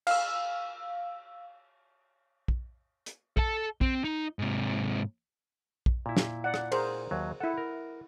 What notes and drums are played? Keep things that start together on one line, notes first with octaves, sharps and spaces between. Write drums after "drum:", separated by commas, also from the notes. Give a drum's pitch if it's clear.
F5 E6, drum: cymbal
drum: kick A#1
drum: hi-hat
A4 A5, drum: kick A#1
C4, drum: kick A#1
D#4
G#2 C3
drum: kick A#1
A#2 E4
drum: snare
D5 F#5
drum: rim click
G#4 A#4 C5, drum: cymbal
D#2 F#3
E4 A4 F#5
A#4